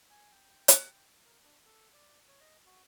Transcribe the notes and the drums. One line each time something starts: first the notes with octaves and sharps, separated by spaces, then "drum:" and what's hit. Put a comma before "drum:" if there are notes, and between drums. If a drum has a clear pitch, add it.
G#5
G5
drum: hi-hat
A#4
D4
A4
D5
C#5
D#5
F#4